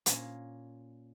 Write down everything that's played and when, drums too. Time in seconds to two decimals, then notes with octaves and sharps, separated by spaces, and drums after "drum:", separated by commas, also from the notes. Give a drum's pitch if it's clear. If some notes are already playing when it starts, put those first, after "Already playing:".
0.06 A#2 A#3 C#4, drum: hi-hat